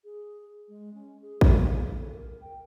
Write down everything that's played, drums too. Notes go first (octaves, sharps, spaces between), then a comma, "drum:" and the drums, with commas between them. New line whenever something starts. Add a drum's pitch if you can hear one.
G#4
G#3
C#4
G#4
drum: kick
F5
G#4
A4
A#4
G5